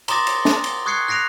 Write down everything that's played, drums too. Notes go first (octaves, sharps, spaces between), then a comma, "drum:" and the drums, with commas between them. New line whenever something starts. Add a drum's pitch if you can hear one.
A#5 C6 D6 D#6 A6 A#6, drum: cymbal
drum: cymbal
drum: snare
drum: cymbal
C#6 D#6 F#6 G#6 C7 C#7
F#6 A#6 C7 D7 F7